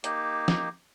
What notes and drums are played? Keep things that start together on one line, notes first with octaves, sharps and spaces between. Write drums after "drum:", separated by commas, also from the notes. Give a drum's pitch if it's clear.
A#3 D#4 G4, drum: hi-hat
drum: snare